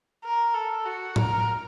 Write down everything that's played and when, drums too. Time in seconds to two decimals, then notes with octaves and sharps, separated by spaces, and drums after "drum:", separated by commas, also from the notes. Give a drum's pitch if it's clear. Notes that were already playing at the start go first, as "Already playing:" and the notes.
0.24 A#4
0.54 A4
0.85 F#4
1.16 A#4, drum: tom A2